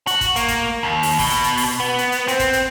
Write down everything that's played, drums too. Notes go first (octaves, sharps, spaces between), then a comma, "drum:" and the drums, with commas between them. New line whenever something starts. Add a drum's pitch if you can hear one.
F#4, drum: hi-hat
drum: kick, hi-hat
A#3, drum: hi-hat
drum: kick, hi-hat
D#2
drum: open hi-hat
B2, drum: kick, open hi-hat
drum: hi-hat
drum: hi-hat
drum: open hi-hat
B3
drum: hi-hat
drum: hi-hat
C4, drum: hi-hat
drum: kick, hi-hat
drum: hi-hat